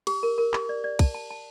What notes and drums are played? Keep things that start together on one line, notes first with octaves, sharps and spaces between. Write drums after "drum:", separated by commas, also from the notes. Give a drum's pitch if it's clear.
G4, drum: cymbal
A#4
A#4
G4, drum: clap
D5
D5
A5, drum: kick, cymbal
A5
A5